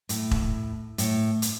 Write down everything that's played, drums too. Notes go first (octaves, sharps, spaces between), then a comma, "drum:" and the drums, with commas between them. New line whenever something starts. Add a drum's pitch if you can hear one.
A2, drum: hi-hat
drum: kick E1
A2, drum: hi-hat
drum: hi-hat